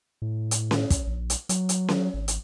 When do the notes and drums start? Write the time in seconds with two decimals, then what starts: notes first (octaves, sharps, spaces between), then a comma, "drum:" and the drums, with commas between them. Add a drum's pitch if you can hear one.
0.22 A2
0.51 drum: hi-hat
0.71 drum: snare C#4
0.90 drum: kick, hi-hat
1.07 A#1
1.30 drum: hi-hat
1.49 F#3, drum: hi-hat
1.69 drum: hi-hat
1.89 drum: snare C#4
2.14 G#1
2.28 drum: hi-hat